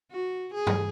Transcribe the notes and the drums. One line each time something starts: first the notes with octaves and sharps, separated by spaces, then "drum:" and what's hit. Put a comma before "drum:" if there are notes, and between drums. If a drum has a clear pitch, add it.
F#4
G#4
drum: tom G2